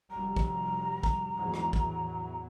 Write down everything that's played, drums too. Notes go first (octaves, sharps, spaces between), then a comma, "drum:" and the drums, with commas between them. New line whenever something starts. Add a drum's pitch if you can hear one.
F1 F#3 G3 A#5
drum: kick
drum: kick
E2 G#2 F#3
drum: rim click
E2 A2 F#3, drum: kick